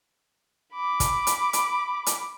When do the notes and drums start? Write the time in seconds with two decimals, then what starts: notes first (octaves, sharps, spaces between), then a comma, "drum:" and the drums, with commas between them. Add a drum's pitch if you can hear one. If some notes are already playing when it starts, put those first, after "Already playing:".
0.73 B5 D6
1.00 drum: kick, hi-hat
1.27 drum: hi-hat
1.53 drum: hi-hat
2.06 drum: hi-hat